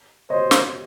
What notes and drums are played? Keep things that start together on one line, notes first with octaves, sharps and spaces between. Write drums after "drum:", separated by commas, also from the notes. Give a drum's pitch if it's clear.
C5 C#5 D#5
drum: snare